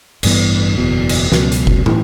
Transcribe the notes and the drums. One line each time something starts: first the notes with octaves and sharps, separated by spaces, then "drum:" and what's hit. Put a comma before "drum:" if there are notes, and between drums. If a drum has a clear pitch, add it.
A1 G2 E3 B3, drum: cymbal
F#1 E2 B2
drum: cymbal
C#2 B2 F#3, drum: snare
drum: hi-hat
drum: kick F1
A2 E3, drum: tom